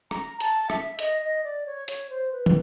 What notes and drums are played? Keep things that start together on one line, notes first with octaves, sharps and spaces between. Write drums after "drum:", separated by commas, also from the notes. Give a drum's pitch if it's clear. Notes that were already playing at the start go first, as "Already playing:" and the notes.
A#5, drum: rim click
A5, drum: hi-hat
E5, drum: rim click
D#5, drum: hi-hat
D#5
D5
C#5
C#5, drum: hi-hat
C5
B4
drum: tom